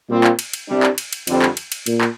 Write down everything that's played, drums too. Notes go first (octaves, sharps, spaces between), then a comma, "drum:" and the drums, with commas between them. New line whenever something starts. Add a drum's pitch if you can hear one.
A#2 G3 C4 F4
drum: clap
drum: cymbal
drum: cymbal
C2 C3 G3 D4
drum: clap
drum: cymbal
drum: cymbal
F2 D3 G3 C4, drum: cymbal
drum: clap
drum: cymbal
drum: cymbal
A#2, drum: cymbal
drum: clap